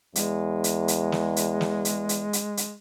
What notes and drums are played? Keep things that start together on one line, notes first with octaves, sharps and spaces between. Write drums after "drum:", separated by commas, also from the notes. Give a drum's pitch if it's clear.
E2 G#3, drum: hi-hat
drum: hi-hat
drum: hi-hat
drum: snare
drum: hi-hat
drum: snare
drum: hi-hat
drum: hi-hat
drum: hi-hat
drum: hi-hat